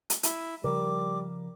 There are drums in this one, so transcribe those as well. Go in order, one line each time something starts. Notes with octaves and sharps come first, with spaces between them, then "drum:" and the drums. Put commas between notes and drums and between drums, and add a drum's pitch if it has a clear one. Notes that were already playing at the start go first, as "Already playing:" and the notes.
drum: hi-hat
E4, drum: hi-hat
C#3 F3 G3 A#4 D6